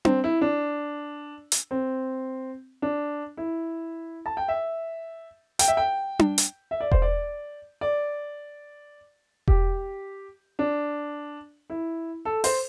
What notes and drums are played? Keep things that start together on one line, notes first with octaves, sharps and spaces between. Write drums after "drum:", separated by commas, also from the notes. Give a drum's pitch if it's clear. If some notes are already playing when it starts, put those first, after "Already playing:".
C4, drum: tom D4
E4
D4
drum: hi-hat
C4
D4
E4
A5
G5
E5
G5, drum: hi-hat
E5
G5
drum: tom D4
drum: hi-hat
E5
D5
C5, drum: kick E1
D5
D5
G4, drum: kick E1
D4
E4
A4
C5, drum: open hi-hat